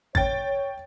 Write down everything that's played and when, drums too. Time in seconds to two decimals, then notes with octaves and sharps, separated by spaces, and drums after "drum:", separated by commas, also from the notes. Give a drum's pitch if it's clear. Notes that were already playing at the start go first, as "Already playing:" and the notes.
0.15 C#5 G5 A6, drum: kick G#1